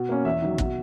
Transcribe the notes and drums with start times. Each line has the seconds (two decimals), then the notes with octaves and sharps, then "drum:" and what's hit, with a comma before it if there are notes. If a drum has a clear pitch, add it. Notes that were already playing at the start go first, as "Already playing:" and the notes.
Already playing: B2
0.09 A#3 C#4
0.25 E2 E5
0.42 D#3 F#3
0.58 B2, drum: kick